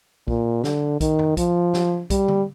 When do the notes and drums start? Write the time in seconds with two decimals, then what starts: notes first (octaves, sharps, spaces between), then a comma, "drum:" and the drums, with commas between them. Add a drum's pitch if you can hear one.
0.28 A#2, drum: kick B1
0.64 D3, drum: snare
1.01 D#3, drum: kick B1, hi-hat
1.19 drum: tom
1.37 F3, drum: kick B1, hi-hat
1.74 drum: snare
2.10 G3, drum: kick B1, hi-hat
2.28 drum: tom D3